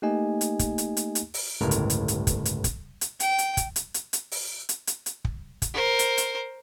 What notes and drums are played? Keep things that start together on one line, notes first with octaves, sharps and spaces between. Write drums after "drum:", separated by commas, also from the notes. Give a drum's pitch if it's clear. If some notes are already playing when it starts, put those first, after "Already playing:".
A3 A#3 D#4 G4 D#5 G#5
drum: hi-hat
drum: kick, hi-hat
drum: hi-hat
drum: hi-hat
drum: hi-hat
drum: open hi-hat
G1 C#2 A2 A#4
drum: hi-hat
drum: hi-hat
drum: hi-hat
drum: kick, hi-hat
drum: hi-hat
drum: kick, hi-hat
drum: hi-hat
G5, drum: hi-hat
drum: hi-hat
drum: kick, hi-hat
drum: hi-hat
drum: hi-hat
drum: hi-hat
drum: open hi-hat
drum: hi-hat
drum: hi-hat
drum: hi-hat
drum: kick
drum: kick, hi-hat
A#4 C5
drum: hi-hat
drum: hi-hat